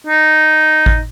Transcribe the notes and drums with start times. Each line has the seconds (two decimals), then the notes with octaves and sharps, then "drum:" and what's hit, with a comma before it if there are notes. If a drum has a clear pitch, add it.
0.07 D#4
0.86 drum: kick G#1